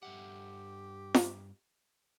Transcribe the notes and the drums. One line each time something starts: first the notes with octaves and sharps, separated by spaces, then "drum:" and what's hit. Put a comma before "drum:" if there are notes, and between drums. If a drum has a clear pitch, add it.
G2 G4 E5 F#5
drum: snare